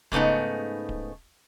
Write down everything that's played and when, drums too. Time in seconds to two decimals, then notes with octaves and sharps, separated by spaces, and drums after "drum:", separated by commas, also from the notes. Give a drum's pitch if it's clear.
0.12 G#2 C#3 A3 B3 D#4, drum: kick D1
0.89 drum: kick D1